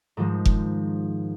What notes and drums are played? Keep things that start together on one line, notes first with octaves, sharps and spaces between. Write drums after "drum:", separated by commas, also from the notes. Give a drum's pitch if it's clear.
G#2 D#3 F3 G#3
drum: kick F1